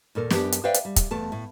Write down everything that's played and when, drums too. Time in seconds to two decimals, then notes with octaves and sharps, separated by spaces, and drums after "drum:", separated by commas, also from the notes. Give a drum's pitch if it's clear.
0.15 D#2 A#2 A4 A#4
0.30 F#2 G3 B3 D4 G4 A5, drum: snare
0.52 drum: hi-hat
0.64 B4 C5 D5 E5 F5 G5
0.74 drum: hi-hat
0.85 G3
0.96 drum: kick, hi-hat
1.11 E2 A3 A5
1.32 A2